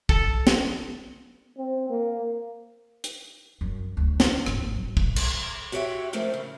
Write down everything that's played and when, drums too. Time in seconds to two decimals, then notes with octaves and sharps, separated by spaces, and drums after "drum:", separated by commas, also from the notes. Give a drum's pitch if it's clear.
0.09 A4, drum: kick
0.47 drum: snare
1.58 C4
1.90 A#3
3.04 drum: hi-hat
3.61 F#2
3.97 D2
4.20 drum: snare
4.46 G#1, drum: rim click
4.59 A2
4.76 F#3
4.97 A#2, drum: kick
5.16 drum: cymbal
5.72 F#4 G4 C#5 D5 E5 G5
6.13 F3 A3 A#3 C4 C#4
6.34 C#3